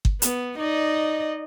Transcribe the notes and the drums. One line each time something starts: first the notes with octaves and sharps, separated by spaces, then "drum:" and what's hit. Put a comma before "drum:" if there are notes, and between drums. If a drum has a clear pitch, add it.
drum: kick G1
B3, drum: hi-hat
D#4 D5 D#5